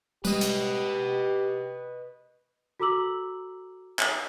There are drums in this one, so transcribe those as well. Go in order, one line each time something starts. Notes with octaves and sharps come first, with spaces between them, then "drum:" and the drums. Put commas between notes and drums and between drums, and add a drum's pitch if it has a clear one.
G3 G#3 G4 B4 D#5, drum: tambourine
drum: hi-hat
F#4 A4 A#5 D6 E6 F#7
drum: clap